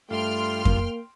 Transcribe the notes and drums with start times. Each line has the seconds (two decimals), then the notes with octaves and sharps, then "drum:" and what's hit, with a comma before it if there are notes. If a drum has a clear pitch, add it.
0.10 G2 A3 F4 G5 C6 F6
0.65 A#3, drum: kick F2